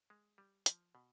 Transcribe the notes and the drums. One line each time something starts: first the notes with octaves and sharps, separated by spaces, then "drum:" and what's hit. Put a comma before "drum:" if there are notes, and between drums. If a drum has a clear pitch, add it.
G#3
G3
F3, drum: hi-hat
B2